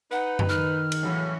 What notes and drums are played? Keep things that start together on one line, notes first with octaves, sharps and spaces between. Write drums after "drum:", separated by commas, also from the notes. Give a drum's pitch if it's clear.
D#4 B4 F#5
drum: tom F#2
D#3 F6
drum: cymbal
A2 C#3 E3 F#3 C#4 F#4